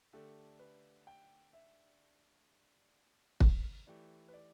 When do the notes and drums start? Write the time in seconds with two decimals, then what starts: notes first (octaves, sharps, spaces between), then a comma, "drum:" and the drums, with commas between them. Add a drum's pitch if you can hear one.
0.13 D3 A3 D4 G4 A4
0.59 B4
1.07 G5
1.53 E5
3.40 drum: kick
3.87 E3 A3 G4 D5
4.28 B4
4.34 D5